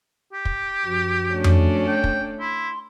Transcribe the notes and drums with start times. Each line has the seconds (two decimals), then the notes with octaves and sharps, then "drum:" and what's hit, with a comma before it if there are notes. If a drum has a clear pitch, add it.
0.33 G4
0.45 drum: kick
0.85 F#2 F3 F#4
1.32 A3 C#4 D4
1.44 drum: tom F2
1.88 G5
2.04 drum: kick
2.40 E4 C6